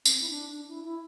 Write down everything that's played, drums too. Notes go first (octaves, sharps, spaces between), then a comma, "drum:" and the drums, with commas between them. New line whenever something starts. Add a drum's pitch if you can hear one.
C4, drum: tambourine
E4
D4
D4
E4
E4